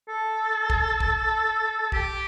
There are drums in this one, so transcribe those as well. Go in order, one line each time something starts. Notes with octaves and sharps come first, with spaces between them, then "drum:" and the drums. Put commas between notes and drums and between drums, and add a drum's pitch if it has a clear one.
A4
drum: kick
drum: kick
G4, drum: kick